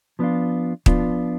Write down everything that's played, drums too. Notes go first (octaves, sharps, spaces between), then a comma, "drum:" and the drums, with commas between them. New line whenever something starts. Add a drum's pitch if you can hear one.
F3 B3 D4 F4
F3 B3 D4 F4, drum: kick